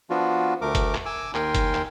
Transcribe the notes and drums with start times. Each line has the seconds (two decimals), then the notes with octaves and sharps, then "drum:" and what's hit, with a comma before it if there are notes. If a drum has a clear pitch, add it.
0.10 F3 B3 D4 F4 F#4
0.61 D2 A3 A#4 D6
0.75 drum: kick F#1, hi-hat
0.95 drum: clap
1.06 G#5 D6 E6
1.35 D#2 A#4 G5 G#5 C6, drum: clap
1.55 drum: kick F#1, hi-hat
1.75 drum: clap